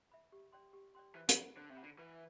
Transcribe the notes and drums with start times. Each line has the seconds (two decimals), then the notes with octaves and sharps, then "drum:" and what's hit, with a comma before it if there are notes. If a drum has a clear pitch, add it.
0.12 E5 B5
0.32 G4
0.53 D5 G5 C6
0.73 G4
0.95 D5 G5 C6
1.15 E3 C5
1.29 E3, drum: hi-hat
1.36 F#5 B5
1.56 D3 C5
1.70 C3
1.77 F#5 B5
1.84 D3
1.98 E3 B4